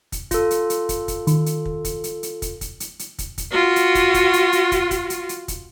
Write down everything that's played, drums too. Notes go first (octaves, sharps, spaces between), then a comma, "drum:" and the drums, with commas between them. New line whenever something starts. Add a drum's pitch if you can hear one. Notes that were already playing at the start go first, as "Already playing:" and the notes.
drum: kick, hi-hat
F4 A4, drum: kick, hi-hat
drum: hi-hat
drum: hi-hat
drum: kick, hi-hat
drum: kick, hi-hat
D#3, drum: hi-hat
drum: hi-hat
drum: kick
drum: kick, hi-hat
drum: hi-hat
drum: hi-hat
drum: kick, hi-hat
drum: kick, hi-hat
drum: hi-hat
drum: hi-hat
drum: kick, hi-hat
drum: kick, hi-hat
F4 F#4
drum: hi-hat
drum: kick, hi-hat
drum: kick, hi-hat
drum: hi-hat
drum: hi-hat
drum: kick, hi-hat
drum: kick, hi-hat
drum: hi-hat
drum: hi-hat
drum: kick, hi-hat